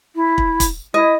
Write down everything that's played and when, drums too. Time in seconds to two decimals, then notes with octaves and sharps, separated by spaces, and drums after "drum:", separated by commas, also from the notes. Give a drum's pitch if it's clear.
0.16 E4
0.38 drum: kick
0.60 drum: kick, hi-hat
0.94 E4 D#5